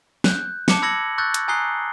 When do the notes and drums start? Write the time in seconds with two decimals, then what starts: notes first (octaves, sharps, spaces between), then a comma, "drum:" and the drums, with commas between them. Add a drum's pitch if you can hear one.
0.24 F#6 G6, drum: snare
0.68 A5 D6 C#7, drum: snare
0.82 B5 E6 G#6 A#6 C#7 F#7
1.18 C#6 E6 F#6 G6 A6
1.34 drum: hi-hat
1.48 G#5 A#5 D#6 F#6 C7 G7